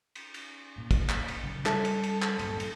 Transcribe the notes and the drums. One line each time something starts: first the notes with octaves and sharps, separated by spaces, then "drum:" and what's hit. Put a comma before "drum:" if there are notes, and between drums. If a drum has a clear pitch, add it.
drum: cymbal
drum: cymbal
A#2
drum: kick, cymbal
drum: clap
drum: cymbal
C#3 F#3
G3 A4, drum: clap
drum: cymbal
drum: cymbal
drum: clap
G2 A#2 F#3, drum: cymbal
drum: cymbal